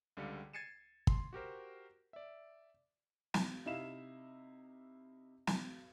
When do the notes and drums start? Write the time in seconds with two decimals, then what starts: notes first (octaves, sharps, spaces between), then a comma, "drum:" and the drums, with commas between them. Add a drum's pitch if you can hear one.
0.17 C#2 D3 G3 F5 C#7
0.53 G#6 A6 C7 C#7 D#7 E7
1.07 C6, drum: kick
1.33 F#4 G4 A#4 C5
2.13 D5 E5
3.34 drum: snare
3.66 C3 D#4 E4 E5 F5 E7
5.47 drum: snare